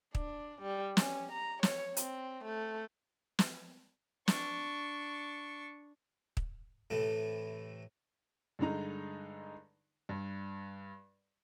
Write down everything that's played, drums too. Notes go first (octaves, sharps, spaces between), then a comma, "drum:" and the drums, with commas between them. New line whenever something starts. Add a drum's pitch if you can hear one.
D4, drum: kick
G3
C#4, drum: snare
A#5
C#5, drum: snare
C4, drum: hi-hat
A3
drum: snare
D4 C#6, drum: snare
drum: kick
A2 C3 E3 A3
G2 D3 G#3 D#4 A#5
G2